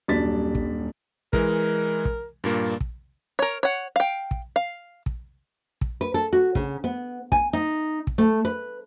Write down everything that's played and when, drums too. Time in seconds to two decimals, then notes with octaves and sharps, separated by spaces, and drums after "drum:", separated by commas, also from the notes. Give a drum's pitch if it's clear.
0.08 D#1 F#2 G3 D4 A6 B6
0.55 drum: kick
1.33 E3 G#3 A#4, drum: kick
2.05 drum: kick
2.44 G2 A#2 A#3
2.80 drum: kick
3.39 A#4 C#5
3.63 C#5 F#5
3.96 F5 G5
4.31 drum: kick
4.56 F5
5.06 drum: kick
5.81 drum: kick
6.01 B4
6.14 A4
6.33 F#4
6.55 C#3, drum: kick
6.84 B3
7.32 G#5, drum: kick
7.53 D#4
8.07 drum: kick
8.18 A3
8.45 B4